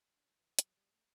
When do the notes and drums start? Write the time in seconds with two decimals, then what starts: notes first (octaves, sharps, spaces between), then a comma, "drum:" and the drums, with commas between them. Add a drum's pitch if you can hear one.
0.15 D4
0.27 F#3
0.37 E3
0.59 F#3, drum: hi-hat
0.75 G3
0.91 A3